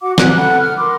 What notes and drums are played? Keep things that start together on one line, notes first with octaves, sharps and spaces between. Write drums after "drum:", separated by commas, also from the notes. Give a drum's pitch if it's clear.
F#4 F#5 D6
F#6, drum: snare
A4 F#5 B5 F#6
F6
A#4 B5 C6 D6